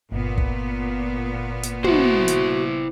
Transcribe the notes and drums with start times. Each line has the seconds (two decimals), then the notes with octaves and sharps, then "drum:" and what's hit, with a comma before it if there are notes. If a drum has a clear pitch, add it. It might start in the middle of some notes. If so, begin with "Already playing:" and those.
0.12 G1 A#2 B3
0.38 drum: kick
1.63 drum: hi-hat
1.84 E4 F#4 C5, drum: tom
2.28 drum: hi-hat